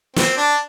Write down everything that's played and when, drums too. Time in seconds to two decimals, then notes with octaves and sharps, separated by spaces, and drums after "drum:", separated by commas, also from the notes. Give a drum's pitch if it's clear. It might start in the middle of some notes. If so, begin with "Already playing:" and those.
0.16 C4, drum: snare
0.37 D4